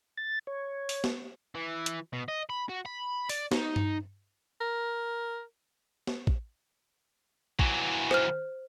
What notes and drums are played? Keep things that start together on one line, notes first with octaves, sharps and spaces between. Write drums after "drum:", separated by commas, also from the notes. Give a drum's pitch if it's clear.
A6
C#5
drum: open hi-hat
drum: snare
E3
drum: hi-hat
B2
D#5
B5
F#4
B5
D5, drum: open hi-hat
D#4, drum: snare
drum: tom G2
A#4
drum: snare
drum: kick
E3 F#3, drum: kick
C5 F6, drum: rim click